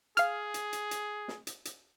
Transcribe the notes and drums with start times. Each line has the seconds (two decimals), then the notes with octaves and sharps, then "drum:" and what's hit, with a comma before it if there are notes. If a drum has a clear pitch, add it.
0.17 G#4 F5 F6, drum: hi-hat
0.54 drum: hi-hat
0.73 drum: hi-hat
0.91 drum: hi-hat
1.28 drum: snare
1.47 drum: hi-hat
1.65 drum: hi-hat